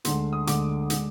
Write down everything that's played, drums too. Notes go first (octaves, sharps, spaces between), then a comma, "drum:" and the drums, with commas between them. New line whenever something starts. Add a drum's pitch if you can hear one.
D2 D3 G#3 C6, drum: hi-hat
D#6
D2 D3 G#3 D6, drum: hi-hat
D3 G#3, drum: hi-hat